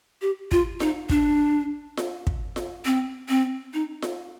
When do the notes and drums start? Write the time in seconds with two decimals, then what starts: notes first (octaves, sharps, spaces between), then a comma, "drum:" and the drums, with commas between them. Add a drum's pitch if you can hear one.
0.22 G4
0.52 F4, drum: kick
0.80 D#4, drum: snare F4
1.10 D4, drum: kick
1.97 drum: snare F4
2.27 drum: kick
2.56 drum: snare F4
2.85 C4
3.29 C4
3.74 D#4
4.02 drum: snare F4